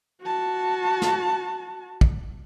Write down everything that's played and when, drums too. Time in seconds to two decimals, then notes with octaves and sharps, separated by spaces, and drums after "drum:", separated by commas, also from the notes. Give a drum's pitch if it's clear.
0.22 F#4 A5
1.02 drum: snare
2.01 drum: kick